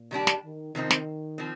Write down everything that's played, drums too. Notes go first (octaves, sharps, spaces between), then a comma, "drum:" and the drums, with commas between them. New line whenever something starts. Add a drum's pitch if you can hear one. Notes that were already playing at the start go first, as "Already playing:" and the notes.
Already playing: A#2
D#3 G3 D4 G4
drum: snare
D#3
C3 D#3 F3 C4 D#4
drum: snare
F3 C4